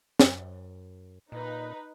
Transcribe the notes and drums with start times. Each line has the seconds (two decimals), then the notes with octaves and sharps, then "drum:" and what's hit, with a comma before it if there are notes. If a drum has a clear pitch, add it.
0.20 F#2, drum: snare
1.32 A#2 D#4 B4